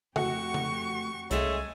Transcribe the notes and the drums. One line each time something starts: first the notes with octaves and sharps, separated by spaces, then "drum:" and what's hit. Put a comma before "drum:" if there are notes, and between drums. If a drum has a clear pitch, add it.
F2 A3 F#4 G4 C#6, drum: tom C#3
drum: tom C#3
C2 C#3 G#3 A3 G#5, drum: hi-hat